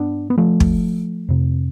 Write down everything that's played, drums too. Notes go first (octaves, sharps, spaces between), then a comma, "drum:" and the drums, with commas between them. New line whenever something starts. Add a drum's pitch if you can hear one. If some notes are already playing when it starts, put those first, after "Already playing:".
Already playing: G2 B3 D4
B3
F3 A3
drum: kick
F2 C3